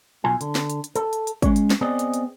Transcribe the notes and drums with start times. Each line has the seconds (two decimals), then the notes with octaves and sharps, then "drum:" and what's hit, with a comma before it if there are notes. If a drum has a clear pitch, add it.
0.24 B1 F4 G#5
0.41 D3, drum: hi-hat
0.55 drum: snare
0.70 drum: hi-hat
0.84 drum: hi-hat
0.96 A4, drum: hi-hat
1.13 drum: hi-hat
1.27 drum: hi-hat
1.42 G#3 C#4 C#5, drum: kick, hi-hat
1.56 drum: hi-hat
1.70 drum: snare
1.81 B3 C4 G#4 D5 D#5
1.99 drum: hi-hat
2.14 drum: hi-hat